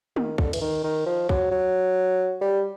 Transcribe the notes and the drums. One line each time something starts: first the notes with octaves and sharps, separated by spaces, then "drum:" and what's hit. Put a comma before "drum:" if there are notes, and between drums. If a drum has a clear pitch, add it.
D#3, drum: tom
D3, drum: kick
E3, drum: cymbal
D#3
D#3
F3
F#3, drum: kick
F#3
G3